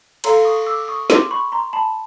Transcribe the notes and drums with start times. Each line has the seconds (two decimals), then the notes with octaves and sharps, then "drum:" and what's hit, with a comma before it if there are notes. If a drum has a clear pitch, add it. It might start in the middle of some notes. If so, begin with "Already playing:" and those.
0.24 A4 C#5 F5 A#5 C6, drum: cymbal
0.45 C#6 D#6
0.67 D6 E6
0.88 C#6 D#6
1.10 C6 D6, drum: snare
1.31 B5 C#6
1.52 A#5 C6
1.73 A5 B5